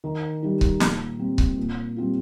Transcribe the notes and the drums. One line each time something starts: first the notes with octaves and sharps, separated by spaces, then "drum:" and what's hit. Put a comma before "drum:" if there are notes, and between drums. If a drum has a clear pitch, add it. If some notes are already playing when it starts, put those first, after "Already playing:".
D#3
G3 D#4
drum: kick C#1
A#2, drum: snare
G3 C4
drum: kick C#1
A#2
G3 C4 F4